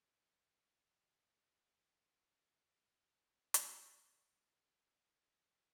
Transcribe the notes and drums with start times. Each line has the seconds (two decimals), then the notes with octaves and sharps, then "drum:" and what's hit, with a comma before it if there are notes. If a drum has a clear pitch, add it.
0.13 D4 F#4
0.64 F5 G5
0.95 D#5
1.33 F#4 A#4 D5
1.53 D4 B4
2.36 A3 A#4 C#5
3.54 drum: hi-hat
4.20 B3 D#4 E4 A#4 F5